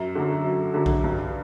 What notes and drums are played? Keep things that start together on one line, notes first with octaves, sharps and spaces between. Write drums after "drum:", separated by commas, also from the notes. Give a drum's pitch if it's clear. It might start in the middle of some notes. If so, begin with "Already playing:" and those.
Already playing: F#2
D3 F#3
F#2
D3 F#3
drum: kick B1
G2